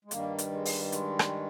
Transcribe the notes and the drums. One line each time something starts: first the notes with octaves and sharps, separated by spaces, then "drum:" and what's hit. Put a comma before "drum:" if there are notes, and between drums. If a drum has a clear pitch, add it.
G#3
G2 D#3 G3 A#3, drum: hi-hat
drum: hi-hat
G#3
drum: open hi-hat
G#3, drum: hi-hat
drum: rim click